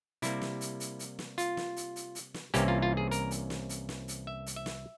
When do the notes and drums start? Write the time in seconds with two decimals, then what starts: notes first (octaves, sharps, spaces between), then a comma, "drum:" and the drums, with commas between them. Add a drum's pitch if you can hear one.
0.22 C3 G3 A#3 E4, drum: hi-hat
0.41 drum: snare
0.61 drum: hi-hat
0.80 drum: hi-hat
0.99 drum: hi-hat
1.19 drum: snare
1.38 F4, drum: hi-hat
1.57 drum: snare
1.77 drum: hi-hat
1.96 drum: hi-hat
2.15 drum: hi-hat
2.34 drum: snare
2.54 C2 C3 E3 A#3 C#4 G4, drum: hi-hat
2.68 F4
2.82 F4
2.97 G#4
3.11 A#4, drum: hi-hat
3.31 drum: hi-hat
3.50 drum: snare
3.69 drum: hi-hat
3.89 drum: snare
4.08 drum: hi-hat
4.27 E5
4.47 drum: hi-hat
4.56 E5
4.66 drum: snare